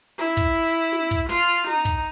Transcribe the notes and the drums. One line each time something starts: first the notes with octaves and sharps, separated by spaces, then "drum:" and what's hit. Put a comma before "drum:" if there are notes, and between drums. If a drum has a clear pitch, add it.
E4, drum: snare
drum: kick
drum: hi-hat
drum: snare
drum: kick
F4, drum: hi-hat
D#4, drum: snare
drum: kick